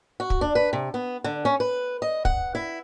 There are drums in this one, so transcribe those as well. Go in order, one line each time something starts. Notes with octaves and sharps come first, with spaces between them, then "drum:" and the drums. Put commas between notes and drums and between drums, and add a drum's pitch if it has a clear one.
F#4
drum: kick
D4
B4
C3
B3
D3
C#4
B4
D#5
F#5, drum: kick
E4